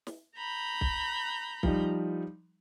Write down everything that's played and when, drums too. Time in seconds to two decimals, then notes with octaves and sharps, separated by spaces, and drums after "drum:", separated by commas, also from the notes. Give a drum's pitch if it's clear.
0.07 drum: snare
0.36 A#5 B5 G6
0.81 drum: kick B1
1.63 F3 G3 D#4, drum: kick B1